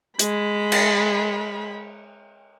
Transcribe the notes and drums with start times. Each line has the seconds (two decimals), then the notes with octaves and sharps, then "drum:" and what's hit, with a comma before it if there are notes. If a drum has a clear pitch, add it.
0.19 G#3 B5, drum: hi-hat
0.72 drum: cymbal